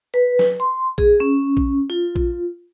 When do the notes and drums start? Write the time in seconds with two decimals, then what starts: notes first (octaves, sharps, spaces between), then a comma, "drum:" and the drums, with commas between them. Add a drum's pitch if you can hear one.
0.14 B4
0.39 drum: snare F#3
0.60 C6
0.98 G#4, drum: kick A#1
1.20 C#4
1.57 drum: kick A#1
1.90 F4
2.15 drum: kick A#1